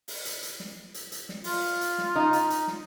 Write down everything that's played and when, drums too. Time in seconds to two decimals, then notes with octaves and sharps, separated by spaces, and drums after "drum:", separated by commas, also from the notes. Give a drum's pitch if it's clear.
0.08 drum: open hi-hat
0.25 drum: hi-hat
0.42 drum: hi-hat
0.60 drum: snare
0.94 drum: hi-hat
1.12 drum: hi-hat
1.29 drum: snare
1.44 F4, drum: open hi-hat
1.81 drum: hi-hat
1.98 drum: snare
2.16 D#4
2.33 drum: hi-hat
2.50 drum: hi-hat
2.68 drum: snare